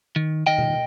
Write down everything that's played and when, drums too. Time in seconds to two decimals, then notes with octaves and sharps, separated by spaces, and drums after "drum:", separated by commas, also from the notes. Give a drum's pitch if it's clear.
0.16 D#3
0.47 D#3 D#5 G5
0.58 drum: tom B2